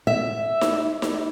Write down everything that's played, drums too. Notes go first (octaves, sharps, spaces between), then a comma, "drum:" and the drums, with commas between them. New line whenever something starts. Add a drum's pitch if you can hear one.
E5
drum: snare D#4
drum: snare D#4